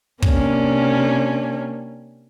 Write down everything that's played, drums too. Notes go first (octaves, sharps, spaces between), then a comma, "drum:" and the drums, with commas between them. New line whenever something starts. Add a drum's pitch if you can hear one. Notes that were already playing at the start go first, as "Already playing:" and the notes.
C3 A#3 C#4 D4, drum: kick